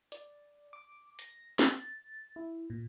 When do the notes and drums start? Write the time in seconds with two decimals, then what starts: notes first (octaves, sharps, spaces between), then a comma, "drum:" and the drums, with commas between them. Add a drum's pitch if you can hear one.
0.12 D5, drum: hi-hat
0.73 D6
1.19 A#6, drum: hi-hat
1.59 A6, drum: snare
2.36 E4
2.70 A#2